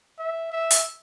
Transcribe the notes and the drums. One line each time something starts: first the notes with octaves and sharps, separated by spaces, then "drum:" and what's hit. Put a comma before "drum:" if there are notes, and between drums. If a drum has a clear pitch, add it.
E5
E5
drum: hi-hat